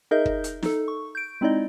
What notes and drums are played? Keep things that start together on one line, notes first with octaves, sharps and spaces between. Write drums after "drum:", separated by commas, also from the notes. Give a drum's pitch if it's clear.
D#4 G#4 A#4 D#5 E5 G6
drum: kick
drum: hi-hat
D#4 A4, drum: snare
C#6
G6 D7
G#3 C4 D#4 E4 D5 D#5